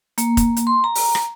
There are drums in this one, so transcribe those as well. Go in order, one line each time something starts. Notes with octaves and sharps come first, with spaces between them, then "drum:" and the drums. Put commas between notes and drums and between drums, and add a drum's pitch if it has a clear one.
A#3, drum: hi-hat
drum: kick, hi-hat
drum: hi-hat
C6
A#5
drum: open hi-hat
drum: rim click